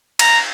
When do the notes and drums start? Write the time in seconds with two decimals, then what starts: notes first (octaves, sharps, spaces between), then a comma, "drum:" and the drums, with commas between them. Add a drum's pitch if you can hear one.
0.19 A#5, drum: cymbal